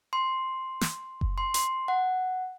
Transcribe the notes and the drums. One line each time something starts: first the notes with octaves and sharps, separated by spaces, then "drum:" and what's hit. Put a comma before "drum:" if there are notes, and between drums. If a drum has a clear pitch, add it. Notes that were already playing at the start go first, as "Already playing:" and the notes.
C6
drum: snare
drum: kick F#1
C6
C6, drum: hi-hat
F#5